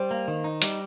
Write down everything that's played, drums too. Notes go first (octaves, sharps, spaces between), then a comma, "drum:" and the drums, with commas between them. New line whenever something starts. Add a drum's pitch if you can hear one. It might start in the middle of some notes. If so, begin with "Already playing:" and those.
Already playing: G3 C5
A#3
D#3
D#4
G3, drum: hi-hat